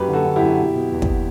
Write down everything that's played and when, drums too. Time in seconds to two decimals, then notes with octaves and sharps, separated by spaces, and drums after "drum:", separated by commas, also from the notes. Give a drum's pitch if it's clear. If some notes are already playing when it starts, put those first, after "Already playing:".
Already playing: F#2 G4 B4
0.08 D3
0.13 F#4 A4
0.25 D3
0.36 F#2 E4 G4
0.58 B2
0.74 B2
0.92 E2
1.02 drum: kick